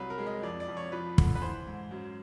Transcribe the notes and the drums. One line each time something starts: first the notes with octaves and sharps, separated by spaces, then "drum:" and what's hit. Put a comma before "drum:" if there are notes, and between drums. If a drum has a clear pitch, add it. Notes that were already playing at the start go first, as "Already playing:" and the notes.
Already playing: C2 F#3 B4
A#4
G#3
D#5
F2 D5
D5
F2
C#5
F3 B4
D3, drum: kick
B4
E3 C5
G#2
F#2